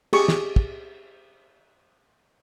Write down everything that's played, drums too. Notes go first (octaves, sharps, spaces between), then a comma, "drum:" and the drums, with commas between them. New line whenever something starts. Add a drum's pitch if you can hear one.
G4 G#4 C#6, drum: cymbal
drum: snare
drum: kick